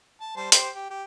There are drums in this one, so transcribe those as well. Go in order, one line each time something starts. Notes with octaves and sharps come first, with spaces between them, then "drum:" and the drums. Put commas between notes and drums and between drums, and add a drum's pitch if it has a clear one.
A5
G3 C5 A5
G4 C5, drum: hi-hat
G4
G4